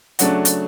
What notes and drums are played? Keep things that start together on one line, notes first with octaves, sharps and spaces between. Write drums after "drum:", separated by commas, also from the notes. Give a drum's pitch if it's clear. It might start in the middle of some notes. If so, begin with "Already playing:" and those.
C#3 F#3 A3 D4 F#5, drum: hi-hat
drum: hi-hat